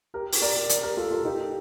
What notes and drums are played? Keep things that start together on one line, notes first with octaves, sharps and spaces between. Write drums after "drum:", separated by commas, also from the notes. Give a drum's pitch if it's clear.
G4 A#4
drum: open hi-hat
A#4 D5
drum: hi-hat
G4 A#4
F4 A4
F4 A4
D#4 G4